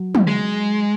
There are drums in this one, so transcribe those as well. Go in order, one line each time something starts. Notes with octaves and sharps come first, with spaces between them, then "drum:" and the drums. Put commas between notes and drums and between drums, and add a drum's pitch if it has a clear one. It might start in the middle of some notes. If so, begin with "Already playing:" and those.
Already playing: F#3
drum: tom
G#3